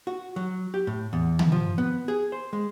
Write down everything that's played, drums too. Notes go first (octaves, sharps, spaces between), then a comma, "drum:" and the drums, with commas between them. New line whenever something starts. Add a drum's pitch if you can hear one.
F#4
F#3
G4
A2
E2
drum: tom
F3
B3
G#4
C5
G#3